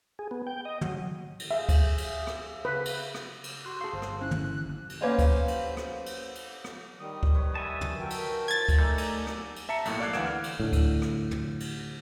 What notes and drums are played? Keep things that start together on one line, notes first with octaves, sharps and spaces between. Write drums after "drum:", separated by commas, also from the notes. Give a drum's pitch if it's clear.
G#4
B3
G5
D#5
F#3, drum: tom
drum: cymbal
G#4 E5 F5
drum: kick D2, cymbal
drum: cymbal
drum: rim click
C#3 B4
drum: cymbal
drum: rim click
drum: cymbal
F#4 C6 F#6
G#4 F5 A5 C6
G1 C5
drum: rim click
C#4 E4 F#6
drum: tom
F#1
drum: cymbal
A#3 C#4 B4 C5 F5 F#5
drum: kick D2, cymbal
drum: cymbal
drum: rim click
drum: cymbal
drum: cymbal
drum: rim click
D#3 G3 D#6
drum: kick D2
B4 C#5
E5 G#5 A5 B5
drum: tom
D#3 F#4 A4 A#4 G5
drum: cymbal
F3 G#6 A6
drum: kick D2, cymbal
A3 D#4 D5 E5 G#5 A#5 G6
drum: cymbal
drum: rim click
drum: cymbal
E5 A5 A#5 C#7
B1 A2 A#3, drum: cymbal
D5 F5 D6 F#6 G#6 C7
D2 E3 F#5 G#6 D7 E7, drum: rim click
F6
drum: cymbal
A2 D3
drum: kick D2, cymbal
drum: rim click
drum: tom
drum: cymbal